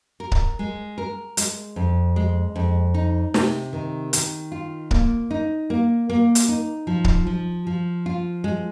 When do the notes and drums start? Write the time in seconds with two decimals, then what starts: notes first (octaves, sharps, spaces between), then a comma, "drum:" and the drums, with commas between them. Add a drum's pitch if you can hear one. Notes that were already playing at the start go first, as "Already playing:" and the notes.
0.20 A#4
0.32 drum: kick C#1
0.59 G#3
0.98 A#4
1.37 G#3, drum: hi-hat
1.76 F2
2.16 G#3
2.56 F2
2.94 D#4
3.34 C3, drum: snare
3.73 D#3
4.13 D#3, drum: hi-hat
4.52 F4
4.91 A#3, drum: kick C#1
5.31 D#4
5.70 A#3
6.09 A#3
6.35 drum: hi-hat
6.48 D#4
6.87 F3
7.04 drum: kick C#1
7.27 F3
7.67 F3
8.06 F4
8.44 G#3